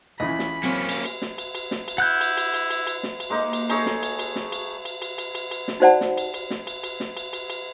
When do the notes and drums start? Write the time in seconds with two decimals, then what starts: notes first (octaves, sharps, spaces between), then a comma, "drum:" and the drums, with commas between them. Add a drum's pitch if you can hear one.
0.20 C#2 C#3 E3 D#5 B5
0.39 drum: snare
0.63 F#3 A#3 C4 C#4
0.89 drum: cymbal
1.05 drum: cymbal
1.22 drum: snare
1.38 drum: cymbal
1.55 drum: cymbal
1.71 drum: snare
1.88 drum: cymbal
1.98 E4 F#5 F#6 G6
2.21 drum: cymbal
2.37 drum: cymbal
2.54 drum: cymbal
2.70 drum: cymbal
2.87 drum: cymbal
3.03 drum: snare
3.20 drum: cymbal
3.30 G#3 A#3 D#4
3.53 drum: cymbal
3.70 D#4 G#4 A4 C#5, drum: cymbal
3.86 drum: snare
4.03 drum: cymbal
4.19 drum: cymbal
4.36 drum: snare
4.52 drum: cymbal
4.85 drum: cymbal
5.02 drum: cymbal
5.18 drum: cymbal
5.35 drum: cymbal
5.51 drum: cymbal
5.68 drum: snare
5.80 D#4 F#4 C5 D5 F#5 A5
6.01 drum: snare
6.17 drum: cymbal
6.34 drum: cymbal
6.50 drum: snare
6.67 drum: cymbal
6.84 drum: cymbal
7.00 drum: snare
7.17 drum: cymbal
7.33 drum: cymbal
7.50 drum: cymbal